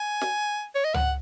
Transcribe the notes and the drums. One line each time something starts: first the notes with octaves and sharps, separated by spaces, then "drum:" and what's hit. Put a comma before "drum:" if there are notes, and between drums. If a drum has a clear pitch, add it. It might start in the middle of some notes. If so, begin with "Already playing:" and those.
Already playing: G#5
drum: snare
C#5
D#5
F#5, drum: tom C#2